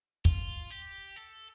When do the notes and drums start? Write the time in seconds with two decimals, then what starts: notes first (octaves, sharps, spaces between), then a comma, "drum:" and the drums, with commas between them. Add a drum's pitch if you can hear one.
0.25 F4, drum: kick
0.70 G4
1.16 A4